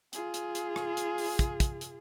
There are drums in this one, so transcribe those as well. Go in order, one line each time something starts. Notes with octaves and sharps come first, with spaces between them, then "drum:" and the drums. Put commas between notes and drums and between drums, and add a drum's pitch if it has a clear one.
F4 G#4, drum: hi-hat
drum: hi-hat
drum: hi-hat
drum: rim click
drum: hi-hat
drum: open hi-hat
drum: kick, hi-hat
drum: kick, hi-hat
drum: hi-hat